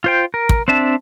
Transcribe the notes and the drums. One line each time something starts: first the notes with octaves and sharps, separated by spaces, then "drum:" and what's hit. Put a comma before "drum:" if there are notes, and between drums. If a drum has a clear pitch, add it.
F4 C5 G5
A#4
drum: kick
C4 D4 E5 A5